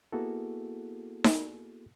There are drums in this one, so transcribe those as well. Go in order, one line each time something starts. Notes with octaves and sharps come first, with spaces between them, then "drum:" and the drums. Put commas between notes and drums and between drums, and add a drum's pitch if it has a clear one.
A#3 B3 E4 F#4 G#4 A4
drum: snare D#4